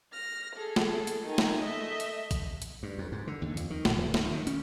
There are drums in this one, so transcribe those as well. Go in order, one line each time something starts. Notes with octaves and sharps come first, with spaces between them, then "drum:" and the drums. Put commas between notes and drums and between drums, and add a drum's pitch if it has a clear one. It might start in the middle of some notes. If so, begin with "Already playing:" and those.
F6 A#6
G#4 A4
drum: snare
drum: hi-hat
D#3 D#4 G#4
drum: snare
A3 D#5 E5
drum: hi-hat
drum: kick A#1, hi-hat
drum: hi-hat
G2
F2
G#2
D3
D#2
F2, drum: hi-hat
D#3
A#1, drum: snare
D1
D#3, drum: snare
D#3
C#4, drum: hi-hat